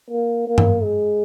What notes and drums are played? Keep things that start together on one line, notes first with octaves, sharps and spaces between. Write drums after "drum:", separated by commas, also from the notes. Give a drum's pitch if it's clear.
A#3
A#3
drum: tom G2
G#3